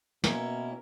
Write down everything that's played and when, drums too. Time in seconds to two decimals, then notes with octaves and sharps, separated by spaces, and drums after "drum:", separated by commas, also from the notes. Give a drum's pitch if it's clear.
0.24 B2 A#3 C#4 E4 A#4, drum: snare